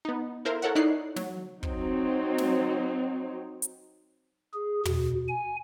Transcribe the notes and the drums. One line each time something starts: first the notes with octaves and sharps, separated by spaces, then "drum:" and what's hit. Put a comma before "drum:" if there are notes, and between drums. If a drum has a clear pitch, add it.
B3 D#4
E4 A4 A#4 C5 F5
A4 A#4 C#5 E5 F#5
D#4 E4 C#5 D5 F#6 C7
F#3, drum: snare
F#3 C4 D#4, drum: kick
drum: snare
drum: hi-hat
G#4
B2, drum: tom
G#5